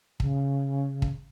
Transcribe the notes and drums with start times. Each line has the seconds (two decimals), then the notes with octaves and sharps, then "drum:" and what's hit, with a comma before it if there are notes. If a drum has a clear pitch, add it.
0.20 C#3, drum: kick
1.02 drum: kick